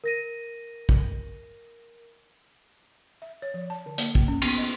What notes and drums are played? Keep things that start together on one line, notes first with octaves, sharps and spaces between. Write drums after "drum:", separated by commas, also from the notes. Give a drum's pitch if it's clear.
A#4 A#6 D#7
drum: kick
E5
C#5
F3
A5
D3
A#3, drum: hi-hat
A#3, drum: kick
C#4
B3, drum: cymbal
D#5